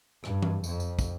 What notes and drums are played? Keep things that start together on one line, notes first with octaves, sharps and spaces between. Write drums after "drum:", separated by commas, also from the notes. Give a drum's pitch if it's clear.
G2, drum: rim click
drum: tom E3
F2, drum: tambourine
drum: tambourine
drum: kick, tambourine